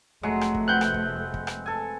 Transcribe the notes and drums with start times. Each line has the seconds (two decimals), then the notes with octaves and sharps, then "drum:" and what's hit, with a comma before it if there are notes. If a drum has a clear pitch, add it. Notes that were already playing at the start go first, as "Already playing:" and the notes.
0.23 F1 F#3 G#3 A3 F#5
0.41 drum: rim click
0.55 drum: kick
0.68 C4 B4 F#5 F#6 G6
0.81 drum: rim click
0.94 drum: kick
1.34 drum: kick
1.47 drum: rim click
1.66 A4 G#5